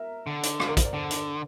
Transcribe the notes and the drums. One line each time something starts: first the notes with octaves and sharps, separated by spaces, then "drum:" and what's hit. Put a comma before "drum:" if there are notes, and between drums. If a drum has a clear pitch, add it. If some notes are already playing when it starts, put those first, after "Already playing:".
Already playing: A#4 E5
D3
drum: hi-hat
F5, drum: rim click
A#4
C5, drum: kick, hi-hat
D5
D3 C5
drum: hi-hat